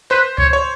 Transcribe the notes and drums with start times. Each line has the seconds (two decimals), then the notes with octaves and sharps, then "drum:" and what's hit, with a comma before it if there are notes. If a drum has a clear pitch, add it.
0.11 B4 C5
0.38 C#5, drum: kick C#2
0.53 C#5